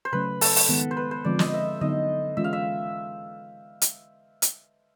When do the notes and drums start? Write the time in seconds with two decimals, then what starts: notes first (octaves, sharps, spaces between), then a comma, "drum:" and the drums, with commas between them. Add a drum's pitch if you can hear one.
0.05 C5
0.12 C#3 F#3 A3 C#4 B4
0.41 A4, drum: open hi-hat
0.56 drum: open hi-hat
0.69 D#3 G#3 B3
0.91 C5
0.97 B4
1.11 C5
1.25 D3 F3 G#3 C4 D5
1.39 D#5, drum: snare
1.54 E5
1.81 D3 F#3 B3 D#4 D#5
2.37 E3 G#3 C#4 F4 E5
2.44 F5
2.53 E5
3.82 drum: hi-hat
4.42 drum: hi-hat